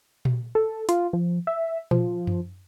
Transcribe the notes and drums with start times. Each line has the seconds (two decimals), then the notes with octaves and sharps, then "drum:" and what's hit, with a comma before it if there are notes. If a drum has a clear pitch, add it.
0.25 drum: tom A#2
0.55 A4
0.89 F4, drum: hi-hat
1.13 F3
1.47 E5
1.91 F3, drum: tom A#2
2.27 drum: tom F#2